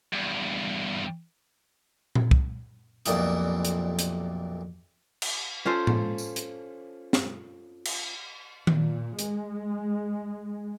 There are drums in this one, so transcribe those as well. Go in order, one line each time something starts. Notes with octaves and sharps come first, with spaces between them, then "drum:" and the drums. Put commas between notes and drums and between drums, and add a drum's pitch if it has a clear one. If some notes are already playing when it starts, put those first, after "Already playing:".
E2 G2
drum: tom A#2
drum: kick
B1 F2 A#2 G3 E4 D#6, drum: hi-hat
drum: hi-hat
drum: hi-hat
drum: cymbal
C#4 F4 A4 C5
drum: tom A2
drum: tambourine
drum: hi-hat
drum: snare
drum: cymbal
A#2, drum: tom D#3
G#3, drum: hi-hat